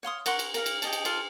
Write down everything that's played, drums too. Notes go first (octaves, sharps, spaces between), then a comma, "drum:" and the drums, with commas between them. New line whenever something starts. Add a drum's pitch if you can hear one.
C#5 F5 C6 D#6
A#4 F#5 C6 C#6, drum: cymbal
drum: cymbal
A#4 F5 A#5, drum: cymbal
drum: cymbal
G4 G#4 D#5 A5, drum: cymbal
drum: cymbal
F4 A4 F5, drum: cymbal